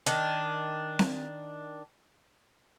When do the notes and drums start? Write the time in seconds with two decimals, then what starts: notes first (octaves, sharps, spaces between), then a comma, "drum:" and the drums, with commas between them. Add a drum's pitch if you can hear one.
0.06 D#3 D4, drum: hi-hat
0.99 drum: snare C4